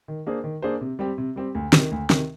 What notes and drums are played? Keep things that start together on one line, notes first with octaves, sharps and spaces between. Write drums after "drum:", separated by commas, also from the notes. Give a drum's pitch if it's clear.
D#3
A#3 D4 G#4 C5
D#3
A#3 D4 G#4 C5
C3
G3 C4 G4
C3
G3 C4 G4
D2
C3 D#3, drum: snare
D2
C3 D#3, drum: snare